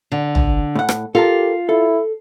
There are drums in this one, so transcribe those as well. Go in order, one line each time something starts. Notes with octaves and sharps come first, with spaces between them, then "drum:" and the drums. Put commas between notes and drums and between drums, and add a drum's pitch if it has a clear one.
D3
drum: tom
A2 F#5
drum: rim click
F4 G4 A4 A#4 A5
E4 A4